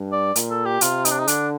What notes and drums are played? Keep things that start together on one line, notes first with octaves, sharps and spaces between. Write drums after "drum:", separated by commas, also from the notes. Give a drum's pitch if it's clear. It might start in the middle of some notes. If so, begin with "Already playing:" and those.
Already playing: G2
D5
A#2, drum: hi-hat
A4
G4
C3 F4, drum: hi-hat
D#4, drum: hi-hat
D4
D#4
D3 D4, drum: hi-hat